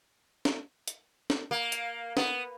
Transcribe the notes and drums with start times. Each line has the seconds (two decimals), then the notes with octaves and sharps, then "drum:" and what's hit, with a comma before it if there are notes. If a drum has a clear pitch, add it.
0.45 drum: snare
0.88 drum: hi-hat
1.30 drum: snare
1.51 A#3
1.72 drum: hi-hat
2.17 B3, drum: snare